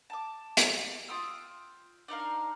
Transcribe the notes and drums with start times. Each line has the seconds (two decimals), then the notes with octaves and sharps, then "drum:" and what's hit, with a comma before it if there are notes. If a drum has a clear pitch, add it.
0.10 A5 D6
0.57 drum: hi-hat
1.08 F4 G5 D#6 E6
2.08 D4 D#4 A#4 F5